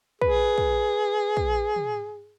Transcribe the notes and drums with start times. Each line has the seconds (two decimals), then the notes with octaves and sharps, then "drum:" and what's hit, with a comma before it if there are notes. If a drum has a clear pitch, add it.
0.22 G#4 B4, drum: kick
0.58 drum: kick
1.37 drum: kick
1.76 drum: tom